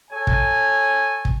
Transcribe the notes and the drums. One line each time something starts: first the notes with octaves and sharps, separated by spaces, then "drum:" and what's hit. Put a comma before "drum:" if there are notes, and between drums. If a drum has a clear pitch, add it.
A4 C#5 G#5
drum: kick
drum: kick